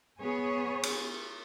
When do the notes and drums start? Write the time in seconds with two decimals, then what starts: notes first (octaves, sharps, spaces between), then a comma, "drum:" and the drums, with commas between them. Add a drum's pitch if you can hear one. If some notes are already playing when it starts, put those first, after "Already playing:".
0.20 B3 G#4 C#5
0.83 drum: cymbal